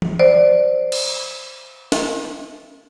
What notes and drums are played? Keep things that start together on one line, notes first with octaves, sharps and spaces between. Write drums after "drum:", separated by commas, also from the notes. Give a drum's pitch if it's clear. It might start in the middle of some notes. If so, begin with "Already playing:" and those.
drum: tom F3
C5 D5
drum: cymbal
drum: snare